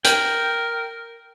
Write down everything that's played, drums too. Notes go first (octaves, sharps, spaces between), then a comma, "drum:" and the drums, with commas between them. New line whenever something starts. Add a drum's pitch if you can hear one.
A#4 G5, drum: hi-hat